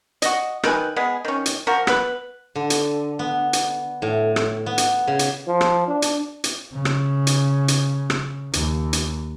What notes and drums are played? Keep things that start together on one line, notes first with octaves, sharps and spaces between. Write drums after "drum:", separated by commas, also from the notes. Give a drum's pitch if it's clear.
F#4 D#5, drum: hi-hat
D#3 B4 G#5, drum: rim click
G#3 B3 G#4
D#3 C#4
drum: hi-hat
F3 F#4 A#4
B3 B4, drum: rim click
D3
drum: hi-hat
B3
drum: hi-hat
A2
drum: rim click
B3
drum: hi-hat
C#3
drum: hi-hat
F3
drum: rim click
D4
drum: hi-hat
drum: hi-hat
C#3
drum: rim click
drum: hi-hat
drum: hi-hat
drum: rim click
D#2, drum: hi-hat
drum: hi-hat